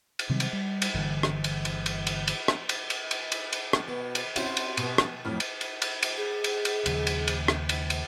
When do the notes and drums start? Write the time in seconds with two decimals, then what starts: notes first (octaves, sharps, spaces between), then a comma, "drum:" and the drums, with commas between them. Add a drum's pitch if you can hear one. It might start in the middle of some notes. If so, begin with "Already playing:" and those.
0.19 drum: cymbal
0.29 C3 D#3 F#3 G3
0.40 drum: cymbal
0.53 G3
0.82 drum: cymbal
0.94 G1 D3 E3
1.23 drum: rim click
1.44 drum: cymbal
1.65 drum: cymbal
1.86 drum: cymbal
2.07 drum: cymbal
2.28 drum: cymbal
2.48 drum: rim click
2.69 drum: cymbal
2.90 drum: cymbal
3.11 drum: cymbal
3.32 drum: cymbal
3.53 drum: cymbal
3.73 drum: rim click
3.88 B2
4.15 drum: cymbal
4.36 C4 C#4 E4 F#4 G4 E5, drum: cymbal
4.57 drum: cymbal
4.77 B2 B3, drum: cymbal
4.98 drum: rim click
5.25 F2 A2 F#3 F6
5.40 drum: cymbal
5.61 drum: cymbal
5.82 drum: cymbal
6.03 drum: cymbal
6.17 G#4
6.44 drum: cymbal
6.65 drum: cymbal
6.86 D#2 C#3 F3, drum: cymbal
7.07 drum: cymbal
7.28 drum: cymbal
7.48 drum: rim click
7.69 drum: cymbal
7.90 drum: cymbal